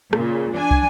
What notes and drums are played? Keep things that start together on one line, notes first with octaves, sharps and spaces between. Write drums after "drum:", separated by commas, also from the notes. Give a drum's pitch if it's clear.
A#2 C#3, drum: rim click
D4 G#5
drum: kick